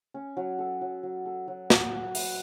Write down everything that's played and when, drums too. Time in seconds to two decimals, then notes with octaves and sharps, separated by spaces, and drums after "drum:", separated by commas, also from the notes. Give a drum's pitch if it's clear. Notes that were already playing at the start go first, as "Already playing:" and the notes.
0.14 C#4
0.37 F#3
0.59 A4
0.81 F#3
1.03 F#3
1.26 A4
1.48 F#3
1.70 F#3, drum: snare
1.92 B4
2.15 B4, drum: open hi-hat